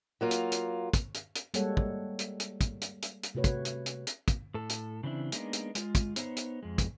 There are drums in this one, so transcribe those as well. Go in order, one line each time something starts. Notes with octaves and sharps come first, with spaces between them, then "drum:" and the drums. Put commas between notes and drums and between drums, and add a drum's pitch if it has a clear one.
F#3 A#3 F4
drum: hi-hat
drum: hi-hat
drum: kick, hi-hat
drum: hi-hat
drum: hi-hat
G3 G#3 A#3 A4 C#5 F#5, drum: hi-hat
drum: kick
drum: hi-hat
drum: hi-hat
drum: kick, hi-hat
drum: hi-hat
drum: hi-hat
drum: hi-hat
C3 A3 F#4 B4 C#5
drum: kick, hi-hat
drum: hi-hat
drum: hi-hat
drum: hi-hat
drum: kick, hi-hat
A2 A4
drum: hi-hat
C#3 E3 C4 D4 E4
G#3 A#3 B3 D4 D#4, drum: hi-hat
drum: hi-hat
G#3 F4, drum: hi-hat
drum: kick, hi-hat
B3 D#4 C5 C#5, drum: hi-hat
drum: hi-hat
F2 G#3
drum: kick, hi-hat